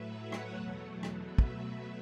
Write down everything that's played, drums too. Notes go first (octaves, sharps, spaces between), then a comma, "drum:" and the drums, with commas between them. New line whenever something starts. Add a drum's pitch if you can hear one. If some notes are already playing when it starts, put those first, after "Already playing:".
Already playing: A2 F#3 A3 B4 E5
C#5 F#5
drum: rim click
E2 B2 F#3 A3
drum: rim click
B2 F#3 A3 B4 E5
drum: kick
B4 E5